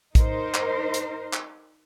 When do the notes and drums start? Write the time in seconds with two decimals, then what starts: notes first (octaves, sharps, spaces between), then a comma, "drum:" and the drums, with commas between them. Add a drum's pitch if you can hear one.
0.15 D#4 A#4 C5, drum: kick, hi-hat
0.55 drum: clap
0.94 drum: hi-hat
1.33 drum: clap